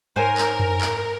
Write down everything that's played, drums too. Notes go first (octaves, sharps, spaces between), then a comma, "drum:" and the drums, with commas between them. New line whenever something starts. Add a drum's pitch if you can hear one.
G#2 A#4 C5 C#5 G#5
drum: clap
drum: tom F#2
drum: clap